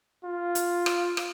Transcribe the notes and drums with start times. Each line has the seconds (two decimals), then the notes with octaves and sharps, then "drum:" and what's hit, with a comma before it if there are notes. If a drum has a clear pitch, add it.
0.24 F4
0.55 drum: hi-hat
0.86 drum: rim click
1.17 drum: rim click